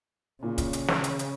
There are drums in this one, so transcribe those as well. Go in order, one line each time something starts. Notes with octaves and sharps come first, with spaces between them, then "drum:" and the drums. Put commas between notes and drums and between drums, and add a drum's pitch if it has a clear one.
A#2 C#3
drum: kick, hi-hat
drum: hi-hat
drum: snare
drum: hi-hat
drum: hi-hat